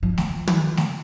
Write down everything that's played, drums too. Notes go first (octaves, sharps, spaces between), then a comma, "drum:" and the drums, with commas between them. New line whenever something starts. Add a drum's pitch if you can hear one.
F3
drum: snare A3
drum: tom
drum: snare A3